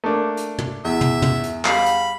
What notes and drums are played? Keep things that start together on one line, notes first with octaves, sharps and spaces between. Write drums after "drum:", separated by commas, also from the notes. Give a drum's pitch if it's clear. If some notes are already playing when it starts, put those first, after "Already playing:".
A3 A#3 D4
drum: hi-hat
drum: tom
E2 E5
drum: tom
drum: tom
drum: hi-hat
G3 F5 B5, drum: clap
drum: hi-hat